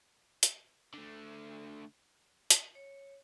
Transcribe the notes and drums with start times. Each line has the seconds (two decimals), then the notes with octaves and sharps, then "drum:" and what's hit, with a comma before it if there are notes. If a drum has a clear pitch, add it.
0.43 drum: hi-hat
0.94 D3 A3
2.50 drum: hi-hat
2.75 C#5